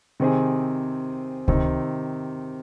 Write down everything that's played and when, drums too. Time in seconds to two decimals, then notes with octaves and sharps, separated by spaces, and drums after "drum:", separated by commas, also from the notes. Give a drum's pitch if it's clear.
0.20 C3 D#3 C4 G#4
1.48 C3 D#3 C4, drum: kick C#2